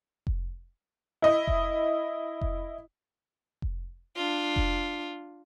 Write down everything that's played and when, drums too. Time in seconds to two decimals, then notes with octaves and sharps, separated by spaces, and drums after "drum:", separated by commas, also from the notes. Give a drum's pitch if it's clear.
0.27 drum: kick F1
1.22 E4 D#5
1.47 drum: kick F1
2.41 drum: kick F1
3.62 drum: kick F1
4.16 D4 F4
4.56 drum: kick F1